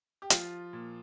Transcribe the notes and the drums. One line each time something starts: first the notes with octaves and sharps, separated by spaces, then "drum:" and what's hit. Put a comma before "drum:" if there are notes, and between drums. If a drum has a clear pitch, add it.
G4
F3 F4, drum: hi-hat
A#2